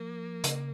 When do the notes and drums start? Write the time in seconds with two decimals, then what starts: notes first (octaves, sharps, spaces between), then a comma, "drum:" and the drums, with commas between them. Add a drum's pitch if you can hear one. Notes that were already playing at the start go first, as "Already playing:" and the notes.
Already playing: F3 A#3
0.44 C#3, drum: hi-hat